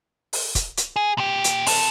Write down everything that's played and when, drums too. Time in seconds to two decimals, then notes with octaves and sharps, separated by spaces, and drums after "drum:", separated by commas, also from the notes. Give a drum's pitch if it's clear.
0.33 drum: open hi-hat
0.55 drum: kick, hi-hat
0.77 drum: hi-hat
0.96 G#4
1.18 A#2 G4
1.44 drum: hi-hat
1.66 C3 A4, drum: open hi-hat